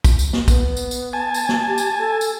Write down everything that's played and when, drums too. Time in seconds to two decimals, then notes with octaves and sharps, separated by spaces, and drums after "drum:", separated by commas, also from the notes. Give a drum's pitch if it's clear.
0.04 drum: kick, tambourine
0.19 drum: tambourine
0.33 drum: snare
0.48 B3, drum: kick, tambourine
0.77 drum: tambourine
0.91 drum: tambourine
1.13 G#5 A5
1.34 drum: tambourine
1.49 drum: snare
1.68 G4
1.78 drum: tambourine
1.99 A4
2.21 drum: tambourine